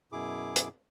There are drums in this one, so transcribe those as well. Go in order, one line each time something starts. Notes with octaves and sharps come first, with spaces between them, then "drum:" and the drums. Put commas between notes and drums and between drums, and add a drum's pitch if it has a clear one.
F#2 B2 E4 G#4 D6
drum: hi-hat